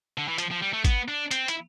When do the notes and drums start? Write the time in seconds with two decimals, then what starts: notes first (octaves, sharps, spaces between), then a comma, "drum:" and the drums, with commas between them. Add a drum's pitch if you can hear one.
0.18 D3
0.28 E3
0.38 F3, drum: hi-hat
0.51 F3
0.62 G3
0.73 A3
0.85 B3, drum: kick, hi-hat
1.08 D4
1.31 C4, drum: hi-hat
1.48 E4, drum: hi-hat